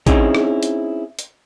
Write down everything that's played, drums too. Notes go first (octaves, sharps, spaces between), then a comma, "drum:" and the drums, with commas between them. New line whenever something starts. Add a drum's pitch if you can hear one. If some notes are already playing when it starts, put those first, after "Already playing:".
C4 C#4 D#4 E4 G#4, drum: kick, hi-hat
drum: rim click
drum: hi-hat
drum: hi-hat